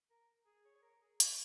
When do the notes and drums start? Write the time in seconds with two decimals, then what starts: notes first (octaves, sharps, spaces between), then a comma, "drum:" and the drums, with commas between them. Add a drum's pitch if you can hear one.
0.10 A#4
0.46 G#4
0.65 C#5
0.76 C#5
0.82 A#4
1.02 G#4
1.20 D#4, drum: hi-hat